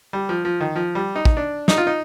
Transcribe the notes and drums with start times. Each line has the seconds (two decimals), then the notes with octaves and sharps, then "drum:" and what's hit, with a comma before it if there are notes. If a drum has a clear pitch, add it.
0.13 G3
0.29 F3
0.45 F3
0.60 D#3
0.76 F3
0.95 G3
1.16 D#4
1.25 drum: kick
1.37 D4
1.68 D#4, drum: snare
1.78 F4
1.87 D#4